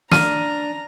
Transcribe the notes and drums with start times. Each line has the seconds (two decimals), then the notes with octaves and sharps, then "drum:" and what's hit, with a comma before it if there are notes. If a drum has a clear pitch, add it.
0.11 D4 A#5 F6 D#7, drum: snare